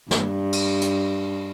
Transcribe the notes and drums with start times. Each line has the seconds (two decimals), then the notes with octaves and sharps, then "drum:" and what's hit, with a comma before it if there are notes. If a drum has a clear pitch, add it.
0.11 G2, drum: snare
0.53 drum: cymbal
0.81 drum: hi-hat